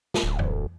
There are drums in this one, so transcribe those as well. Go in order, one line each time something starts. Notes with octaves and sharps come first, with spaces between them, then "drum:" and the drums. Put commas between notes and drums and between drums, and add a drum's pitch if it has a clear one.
drum: snare
D1
drum: tom F2